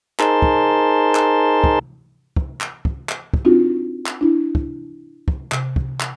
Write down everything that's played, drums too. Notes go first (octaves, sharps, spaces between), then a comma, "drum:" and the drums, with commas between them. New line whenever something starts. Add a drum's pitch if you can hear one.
D#4 G#4 A#4 C5 A5 C6, drum: clap
drum: kick
drum: clap
drum: kick
drum: kick
drum: clap
drum: kick
drum: clap
drum: kick
C4 D4 D#4 F4 F#4
drum: clap
D4 E4
drum: kick
drum: kick
C3, drum: clap
drum: kick
drum: clap